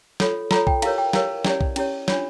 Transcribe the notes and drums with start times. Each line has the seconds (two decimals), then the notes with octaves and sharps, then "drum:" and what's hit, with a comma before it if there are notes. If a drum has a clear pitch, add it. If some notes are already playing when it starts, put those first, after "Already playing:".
0.20 F4 A4 C#5, drum: snare
0.51 F4 A4 C#5 A#5, drum: snare
0.67 G5, drum: kick B1
0.82 E4 G4 A#4 C#5 F5, drum: cymbal
0.98 G5
1.13 E4 G4 A#4 C#5 F5, drum: snare
1.45 C#4 E4 G4 C#5 D5, drum: snare
1.61 drum: kick B1
1.76 C#4 E4 G4 C#5, drum: cymbal
2.08 D4 F4 C#5, drum: snare